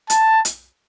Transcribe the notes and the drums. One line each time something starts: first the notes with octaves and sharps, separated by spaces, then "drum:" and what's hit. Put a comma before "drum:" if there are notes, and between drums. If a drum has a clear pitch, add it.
A5, drum: hi-hat
drum: hi-hat